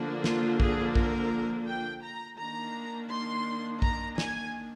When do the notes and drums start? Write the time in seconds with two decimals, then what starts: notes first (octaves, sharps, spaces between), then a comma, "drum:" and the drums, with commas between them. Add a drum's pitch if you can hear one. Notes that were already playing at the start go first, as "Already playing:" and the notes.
Already playing: D3 F3 A#3 D4
0.24 F4, drum: snare
0.60 G#4, drum: kick
0.95 A#4, drum: kick
1.68 G5
2.04 A#5
2.39 D#3 A#3 D4 A#5
3.10 C6
3.82 A#5, drum: kick
4.18 G#5, drum: snare